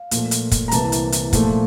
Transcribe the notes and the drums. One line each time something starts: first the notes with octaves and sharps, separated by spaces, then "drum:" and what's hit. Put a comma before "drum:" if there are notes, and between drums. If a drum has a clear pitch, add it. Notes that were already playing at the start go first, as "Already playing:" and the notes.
Already playing: F5
A#2 F3 A3, drum: hi-hat
drum: hi-hat
drum: kick, hi-hat
A#5
C2 C3 E3 A#3 A5, drum: hi-hat
drum: hi-hat
drum: hi-hat
A#2 F3 A3, drum: kick, hi-hat